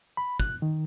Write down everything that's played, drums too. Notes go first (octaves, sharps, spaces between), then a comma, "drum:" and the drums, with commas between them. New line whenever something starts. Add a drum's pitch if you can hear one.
B5
F#6, drum: kick
D#3